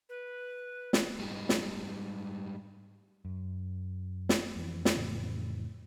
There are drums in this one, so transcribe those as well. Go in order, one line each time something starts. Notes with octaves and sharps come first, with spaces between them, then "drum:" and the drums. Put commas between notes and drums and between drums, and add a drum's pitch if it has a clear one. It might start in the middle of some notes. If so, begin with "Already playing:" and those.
B4
drum: snare
G#2 G3 G#3 D#4 G4
drum: snare
F#2
drum: snare
F2 E3
drum: snare
F2 A2 C#3 E3